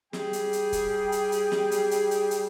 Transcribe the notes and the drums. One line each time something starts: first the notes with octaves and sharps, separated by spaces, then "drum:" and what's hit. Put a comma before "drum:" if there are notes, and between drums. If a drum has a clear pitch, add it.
G3 G#4 G5, drum: snare
drum: hi-hat
drum: hi-hat
drum: kick, hi-hat
drum: hi-hat
drum: hi-hat
drum: snare
drum: hi-hat
drum: hi-hat
drum: hi-hat
drum: hi-hat